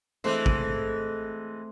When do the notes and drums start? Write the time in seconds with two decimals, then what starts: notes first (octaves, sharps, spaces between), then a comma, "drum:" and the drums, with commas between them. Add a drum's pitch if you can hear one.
0.24 E3 G#3 A3 C4 C5, drum: tambourine
0.46 drum: kick